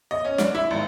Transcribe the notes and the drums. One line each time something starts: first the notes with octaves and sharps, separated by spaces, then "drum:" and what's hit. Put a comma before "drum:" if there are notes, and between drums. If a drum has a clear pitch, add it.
D#5
C#4
D4, drum: snare
E4
G#1